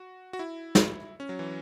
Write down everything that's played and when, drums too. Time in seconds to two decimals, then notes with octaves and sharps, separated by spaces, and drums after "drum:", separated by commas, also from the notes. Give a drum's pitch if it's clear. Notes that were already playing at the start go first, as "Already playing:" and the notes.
Already playing: F#4
0.33 F#4
0.39 E4
0.75 drum: snare
1.20 C#4
1.29 F#3
1.39 E3